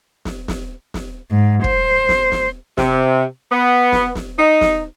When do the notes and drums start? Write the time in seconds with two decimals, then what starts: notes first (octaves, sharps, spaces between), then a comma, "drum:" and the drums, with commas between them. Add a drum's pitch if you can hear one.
0.25 drum: snare
0.48 drum: snare
0.94 drum: snare
1.31 G#2
1.64 C5, drum: kick
2.09 drum: snare
2.32 drum: snare
2.78 C3, drum: snare
3.52 B3
3.92 drum: snare
4.15 drum: snare
4.38 D#4
4.61 drum: snare